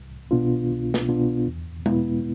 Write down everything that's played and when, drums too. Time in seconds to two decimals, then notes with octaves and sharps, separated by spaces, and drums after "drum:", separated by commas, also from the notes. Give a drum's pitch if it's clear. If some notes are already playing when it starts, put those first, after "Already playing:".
Already playing: C2
0.31 B2 B3 D4 F4
0.70 C2
0.94 drum: snare
1.08 B2 B3 D4 F4
1.47 E2
1.86 B2 G#3 B3 E4, drum: tom G#3